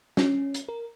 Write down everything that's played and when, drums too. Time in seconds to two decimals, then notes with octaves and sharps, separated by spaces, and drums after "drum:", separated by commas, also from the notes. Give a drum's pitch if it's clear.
0.17 C#4, drum: snare
0.54 drum: hi-hat
0.69 A#4